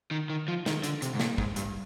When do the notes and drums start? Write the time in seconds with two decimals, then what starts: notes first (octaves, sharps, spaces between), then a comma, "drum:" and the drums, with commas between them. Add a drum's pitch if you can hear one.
0.11 D#3
0.30 D#3
0.48 F3
0.66 D#3, drum: snare
0.83 D3, drum: hi-hat
1.02 C3, drum: hi-hat
1.15 G#2
1.20 A#2, drum: snare
1.38 G#2, drum: kick
1.56 G2, drum: hi-hat